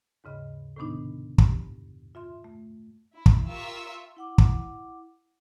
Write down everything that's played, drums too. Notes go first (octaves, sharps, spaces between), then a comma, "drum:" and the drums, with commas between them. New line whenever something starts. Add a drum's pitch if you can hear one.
D#2 G#2 C#3 D#5 B5
A2 C3 D#3 B3 D4 D#4
E2 G2, drum: kick
F4 E5 C6
A3
E4
drum: kick
F4 G4 A#4 E5 C#6 E6
E4 F#5 D6
drum: kick